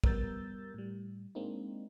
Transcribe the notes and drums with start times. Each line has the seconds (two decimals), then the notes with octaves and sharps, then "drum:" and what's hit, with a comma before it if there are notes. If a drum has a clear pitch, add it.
0.04 G3 B3 A#4 E6 G6 A6, drum: kick
0.74 A2 G3
1.35 G#3 A#3 C4 D4 D#4